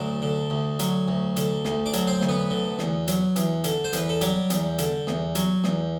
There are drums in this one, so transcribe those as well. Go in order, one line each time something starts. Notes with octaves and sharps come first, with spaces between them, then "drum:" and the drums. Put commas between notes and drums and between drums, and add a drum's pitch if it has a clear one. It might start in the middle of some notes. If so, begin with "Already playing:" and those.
Already playing: D2 F#3 D4
D3
D2
F#3, drum: hi-hat
D2
D3, drum: hi-hat
D2, drum: snare
D4 D5
F#3, drum: hi-hat
C4 C5
D2, drum: snare
B3 B4
D3
E2, drum: snare
F#3, drum: hi-hat
E2, drum: hi-hat
D3, drum: hi-hat
C5
E2 B4, drum: hi-hat
A4
F#3 G3 G4, drum: hi-hat
E2, drum: hi-hat
D3, drum: hi-hat
E2, drum: snare
F#3, drum: hi-hat
E2, drum: snare